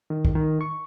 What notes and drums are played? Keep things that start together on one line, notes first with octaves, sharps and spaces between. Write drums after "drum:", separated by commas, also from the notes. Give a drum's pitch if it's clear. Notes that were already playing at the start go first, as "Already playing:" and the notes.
D#3
drum: kick A#1
D#3
C#6